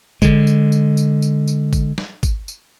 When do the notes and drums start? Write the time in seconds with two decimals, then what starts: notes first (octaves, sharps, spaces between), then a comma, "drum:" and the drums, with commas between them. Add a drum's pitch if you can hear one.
0.22 D3 G#3, drum: kick G#1, tambourine
0.47 drum: tambourine
0.72 drum: tambourine
0.97 drum: tambourine
1.22 drum: tambourine
1.48 drum: tambourine
1.73 drum: kick G#1, tambourine
1.98 drum: snare
2.23 drum: kick G#1, tambourine
2.48 drum: tambourine